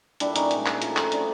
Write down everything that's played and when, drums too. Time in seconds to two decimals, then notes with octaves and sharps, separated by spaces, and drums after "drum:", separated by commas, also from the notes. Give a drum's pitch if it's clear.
0.20 A#2 G3 D4 E4, drum: hi-hat
0.36 C#4 D#4, drum: hi-hat
0.51 A#2 F3 G#3, drum: hi-hat
0.66 drum: clap
0.82 A2 F3 A3, drum: hi-hat
0.97 drum: clap
1.12 A2 E3 G3 C4 D4, drum: hi-hat